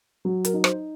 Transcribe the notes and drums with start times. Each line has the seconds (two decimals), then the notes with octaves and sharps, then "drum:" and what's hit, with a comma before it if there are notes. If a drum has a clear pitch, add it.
0.25 F#3
0.45 A#4, drum: hi-hat
0.54 D#4
0.64 C5, drum: rim click